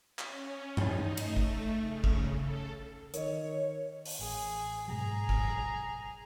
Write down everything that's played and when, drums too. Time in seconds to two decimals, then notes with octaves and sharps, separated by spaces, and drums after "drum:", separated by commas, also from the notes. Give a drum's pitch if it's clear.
0.19 C#4, drum: clap
0.77 D#4, drum: tom G2
1.17 A3, drum: cymbal
1.36 drum: kick
1.79 C#3
2.04 drum: kick
2.37 A4
3.14 D#3 A#4 C#5 D#5, drum: hi-hat
4.06 drum: open hi-hat
4.19 A1 G#4
4.88 G#2 B2 F#3 G#4 A#5
5.29 drum: kick